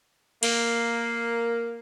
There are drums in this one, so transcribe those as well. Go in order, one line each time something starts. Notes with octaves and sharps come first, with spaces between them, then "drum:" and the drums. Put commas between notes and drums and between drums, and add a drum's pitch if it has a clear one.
A#3, drum: cymbal